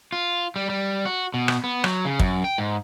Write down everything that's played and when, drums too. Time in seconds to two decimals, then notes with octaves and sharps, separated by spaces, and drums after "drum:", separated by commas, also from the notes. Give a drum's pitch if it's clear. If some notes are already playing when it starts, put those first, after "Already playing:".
0.12 F4
0.56 G3
0.69 G3
1.05 F#4
1.34 B2
1.48 drum: rim click
1.64 B3
1.84 F#3, drum: rim click
2.05 C#3
2.19 F#2, drum: kick
2.44 G5
2.58 G#2